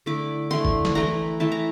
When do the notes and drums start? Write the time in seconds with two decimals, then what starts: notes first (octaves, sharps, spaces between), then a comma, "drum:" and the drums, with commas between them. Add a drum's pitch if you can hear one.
0.06 D3 A3 E4 D6
0.50 D3 A3 E4 C6
0.65 drum: kick
0.85 drum: snare
0.95 E3 A3 E4 A#5
1.40 E3 A3 E4 A5
1.52 A#5